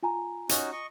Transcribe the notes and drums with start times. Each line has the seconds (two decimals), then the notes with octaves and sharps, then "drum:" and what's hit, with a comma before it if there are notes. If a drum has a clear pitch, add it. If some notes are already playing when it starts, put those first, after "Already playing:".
0.03 F4 G#5 A#5
0.49 C#4 D#4 F#4, drum: hi-hat
0.72 D#5 C#6